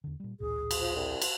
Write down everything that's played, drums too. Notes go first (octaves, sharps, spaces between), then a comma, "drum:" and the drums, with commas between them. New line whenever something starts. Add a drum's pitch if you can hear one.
E2 D3
A#2 G3
A1 D2 A#2 G#4
drum: cymbal
F3
C2
drum: cymbal